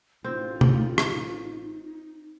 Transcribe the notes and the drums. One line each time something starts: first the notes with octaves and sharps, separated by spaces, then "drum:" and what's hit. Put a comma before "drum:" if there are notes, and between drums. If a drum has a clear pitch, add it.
A1 C4 D#4 F4
drum: tom
drum: rim click